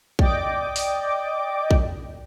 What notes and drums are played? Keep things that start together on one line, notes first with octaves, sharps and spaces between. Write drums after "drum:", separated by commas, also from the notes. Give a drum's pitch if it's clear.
D5 D#5 G5 D6, drum: kick A#1
drum: open hi-hat
drum: kick A#1